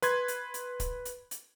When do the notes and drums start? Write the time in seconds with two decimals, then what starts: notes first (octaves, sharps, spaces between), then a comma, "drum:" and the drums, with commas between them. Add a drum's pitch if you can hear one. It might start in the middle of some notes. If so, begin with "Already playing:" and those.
0.02 B4 C6 G#6, drum: hi-hat
0.28 drum: hi-hat
0.54 drum: hi-hat
0.80 drum: kick, hi-hat
1.05 drum: hi-hat
1.31 drum: hi-hat